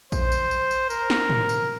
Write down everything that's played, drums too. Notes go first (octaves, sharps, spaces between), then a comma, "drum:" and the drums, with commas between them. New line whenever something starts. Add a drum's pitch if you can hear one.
C5, drum: kick A#1, tambourine
drum: tambourine
drum: tambourine
drum: tambourine
A#4, drum: tambourine
drum: snare
drum: tom
drum: tambourine